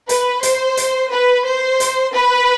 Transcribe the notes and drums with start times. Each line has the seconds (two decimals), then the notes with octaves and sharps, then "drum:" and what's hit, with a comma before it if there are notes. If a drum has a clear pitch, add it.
0.09 B4, drum: hi-hat
0.43 C5, drum: hi-hat
0.77 drum: hi-hat
1.11 B4
1.45 C5
1.80 drum: hi-hat
2.15 B4